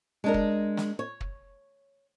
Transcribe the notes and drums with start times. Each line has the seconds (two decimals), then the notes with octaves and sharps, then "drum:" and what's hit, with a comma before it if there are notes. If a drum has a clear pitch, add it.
0.24 G#3 D4 A#4
0.34 drum: kick
0.77 drum: snare
0.99 C#5
1.21 drum: kick